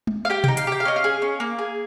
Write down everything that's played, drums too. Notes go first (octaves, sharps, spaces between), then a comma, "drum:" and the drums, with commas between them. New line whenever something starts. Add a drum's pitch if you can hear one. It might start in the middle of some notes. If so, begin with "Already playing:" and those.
drum: tom G#3
F5
G4 G5
D#4 G5, drum: tom B2
F5, drum: hi-hat
G4 G5
F5
C#4 D#5
F5
G#4
C#4
A#3
G#4